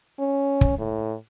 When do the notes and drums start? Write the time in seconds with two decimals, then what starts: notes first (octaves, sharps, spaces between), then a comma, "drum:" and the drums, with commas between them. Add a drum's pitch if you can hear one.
0.19 C#4
0.61 drum: kick
0.78 A2